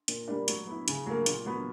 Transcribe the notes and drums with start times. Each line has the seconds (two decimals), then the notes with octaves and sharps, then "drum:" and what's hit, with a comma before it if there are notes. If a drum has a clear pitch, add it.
0.08 A#2, drum: hi-hat
0.28 G3 A#3 D4
0.48 F#3, drum: hi-hat
0.67 B3 E4
0.88 C#3, drum: hi-hat
1.06 F#3 A#3
1.26 A#2, drum: hi-hat
1.46 F#3 B3